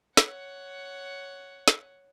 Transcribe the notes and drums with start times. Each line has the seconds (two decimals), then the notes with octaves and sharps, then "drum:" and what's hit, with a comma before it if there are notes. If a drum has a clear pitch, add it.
0.17 C#5 F#5, drum: snare
1.68 drum: snare